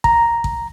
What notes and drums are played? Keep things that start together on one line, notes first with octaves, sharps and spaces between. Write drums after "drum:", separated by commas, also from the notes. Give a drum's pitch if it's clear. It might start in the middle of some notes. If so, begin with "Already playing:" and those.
A#5, drum: kick A1
drum: kick A1